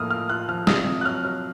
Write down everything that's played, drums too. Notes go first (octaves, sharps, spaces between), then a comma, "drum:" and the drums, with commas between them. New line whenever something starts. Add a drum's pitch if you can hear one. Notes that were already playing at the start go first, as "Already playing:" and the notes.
Already playing: A2 F3 A#3 D#6 F6
F4 F6
F4 F#6
F3 F6
C3 D#6, drum: snare
C3
F#6
F#3 F6
F#3